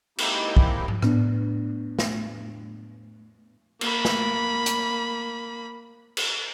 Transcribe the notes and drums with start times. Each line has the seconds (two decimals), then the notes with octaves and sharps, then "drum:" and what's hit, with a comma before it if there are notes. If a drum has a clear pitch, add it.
0.18 G#3 A#3 C4 D#4 E4 G4, drum: cymbal
0.57 drum: kick
0.88 drum: tom G#2
1.02 A2 B3 D4, drum: rim click
1.99 drum: snare
3.81 A#3 B5, drum: cymbal
4.05 drum: snare
4.66 drum: hi-hat
6.17 drum: cymbal